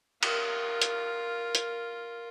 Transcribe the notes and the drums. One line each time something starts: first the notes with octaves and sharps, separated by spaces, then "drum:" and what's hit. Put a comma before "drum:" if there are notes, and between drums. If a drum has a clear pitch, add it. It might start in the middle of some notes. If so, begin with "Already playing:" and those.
F4 A#4, drum: cymbal
drum: hi-hat
drum: hi-hat